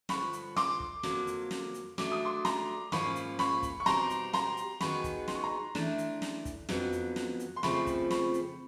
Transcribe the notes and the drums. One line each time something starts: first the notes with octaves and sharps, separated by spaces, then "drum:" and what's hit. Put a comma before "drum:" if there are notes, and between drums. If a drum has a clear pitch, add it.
G2 D3 F3 B5 C#6, drum: snare
drum: hi-hat
C6 D6, drum: snare
drum: kick
F2 D3 F#3 A#3, drum: snare
drum: hi-hat
drum: snare
drum: hi-hat
F#3 A3 D4 D6, drum: snare
D#6
C6 D6
A#5 C6, drum: snare
G#2 F3 A#3 C#4 F4 B5 C#6, drum: snare
drum: hi-hat
B5 C#6, drum: snare
drum: kick, hi-hat
C#6
B2 G3 C4 D#4 G4 A#5 C6, drum: snare
drum: hi-hat
A#5 C6, drum: snare
drum: hi-hat
D#3 F#3 B3 D#4 G#4 B5 C#6, drum: snare
drum: kick, hi-hat
C6, drum: snare
C#6
A#5 C6
E3 A3 D4, drum: snare
drum: hi-hat
drum: snare
drum: kick, hi-hat
F2 D3 F#3 B3, drum: snare
drum: hi-hat
drum: snare
drum: hi-hat
C6
F2 C#3 F3 A3 C4 B5 C#6, drum: snare
drum: kick, hi-hat
B5 C#6, drum: snare
drum: hi-hat